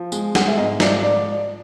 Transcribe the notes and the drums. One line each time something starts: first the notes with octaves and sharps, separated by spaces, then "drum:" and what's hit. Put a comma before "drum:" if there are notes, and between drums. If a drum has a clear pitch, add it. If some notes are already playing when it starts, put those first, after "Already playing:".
Already playing: F3
G#3, drum: tambourine
G#3 F#5, drum: snare
E5
G#2 D#5
F3 D5, drum: snare
D5